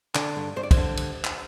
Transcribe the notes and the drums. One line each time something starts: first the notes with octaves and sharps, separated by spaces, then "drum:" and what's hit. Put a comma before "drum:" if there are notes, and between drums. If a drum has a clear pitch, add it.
D3 D5, drum: clap
G2
G2 C5
D5
C5, drum: kick, cymbal
D3
drum: cymbal
drum: clap